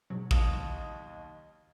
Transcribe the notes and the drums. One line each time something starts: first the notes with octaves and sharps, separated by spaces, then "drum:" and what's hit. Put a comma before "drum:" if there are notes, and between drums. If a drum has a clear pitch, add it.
G#2 B2 F#3
D#2 D#3 D#5, drum: kick